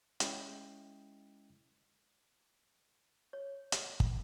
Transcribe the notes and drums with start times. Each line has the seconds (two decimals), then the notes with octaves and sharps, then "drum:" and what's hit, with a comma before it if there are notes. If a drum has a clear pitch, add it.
0.20 G#3 C#4 E4 D#5 G5, drum: hi-hat
3.33 C#5
3.72 drum: hi-hat
4.00 drum: kick